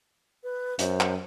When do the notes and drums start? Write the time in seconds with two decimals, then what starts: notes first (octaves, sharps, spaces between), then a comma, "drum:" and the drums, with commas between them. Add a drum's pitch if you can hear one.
0.44 B4
0.79 F#2 C5, drum: hi-hat
1.00 drum: clap